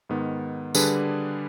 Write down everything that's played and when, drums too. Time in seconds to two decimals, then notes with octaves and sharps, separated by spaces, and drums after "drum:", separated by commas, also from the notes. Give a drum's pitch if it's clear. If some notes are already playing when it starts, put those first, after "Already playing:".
0.09 G#2 D#3 B3
0.75 D3 G3 D4 G#4 B4, drum: tambourine